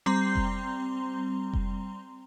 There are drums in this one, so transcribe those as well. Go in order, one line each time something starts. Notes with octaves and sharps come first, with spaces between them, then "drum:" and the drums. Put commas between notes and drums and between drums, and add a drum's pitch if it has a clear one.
G3 C4 A#5 C6
drum: kick F1
drum: kick F1